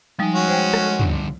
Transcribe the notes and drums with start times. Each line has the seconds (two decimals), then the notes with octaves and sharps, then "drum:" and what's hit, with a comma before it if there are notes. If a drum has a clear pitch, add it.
0.19 F3 G3 G#3 D#4 G#5
0.34 C#4 F#4
0.48 C5 G5
0.74 drum: rim click
1.00 G2 D3, drum: tom